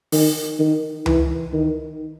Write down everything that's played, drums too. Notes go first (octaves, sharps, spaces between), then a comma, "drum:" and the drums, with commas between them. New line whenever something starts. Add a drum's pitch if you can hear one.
D#3, drum: open hi-hat
D#3
E3, drum: tom C#2
D#3